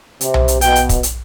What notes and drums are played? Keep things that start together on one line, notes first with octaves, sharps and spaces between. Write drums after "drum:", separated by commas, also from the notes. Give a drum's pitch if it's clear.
C3, drum: hi-hat
drum: tom B1
drum: hi-hat
B2 G5, drum: hi-hat
drum: hi-hat
drum: kick, hi-hat
drum: hi-hat